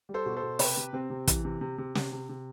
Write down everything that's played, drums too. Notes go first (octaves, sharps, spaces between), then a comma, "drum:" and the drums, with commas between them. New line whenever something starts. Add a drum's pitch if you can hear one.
G3
A4 C5
B2
A4 C5
B2
C3 G4 B4, drum: open hi-hat
C3
C3 C4
C3
E3, drum: kick, hi-hat
C3
C3
C3
C3, drum: snare
C3
C3